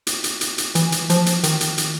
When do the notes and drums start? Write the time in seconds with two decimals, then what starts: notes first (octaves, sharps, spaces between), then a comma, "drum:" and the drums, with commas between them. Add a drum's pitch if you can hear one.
0.07 drum: hi-hat
0.24 drum: hi-hat
0.41 drum: hi-hat
0.58 drum: hi-hat
0.75 E3, drum: hi-hat
0.92 drum: hi-hat
1.10 F3, drum: hi-hat
1.26 drum: hi-hat
1.44 D#3, drum: hi-hat
1.61 drum: hi-hat
1.78 drum: hi-hat